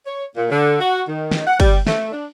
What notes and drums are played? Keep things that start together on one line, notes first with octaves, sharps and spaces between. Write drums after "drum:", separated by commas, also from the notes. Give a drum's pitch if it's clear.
C#5
A#2
D3
F#4
D#3
drum: snare
F#5
G3, drum: kick, cymbal
A3, drum: snare
D4